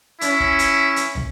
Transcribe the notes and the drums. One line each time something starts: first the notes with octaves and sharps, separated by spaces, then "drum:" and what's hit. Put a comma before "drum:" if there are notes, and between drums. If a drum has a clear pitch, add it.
C#4 E4, drum: hi-hat
drum: kick
drum: hi-hat
drum: hi-hat
drum: tom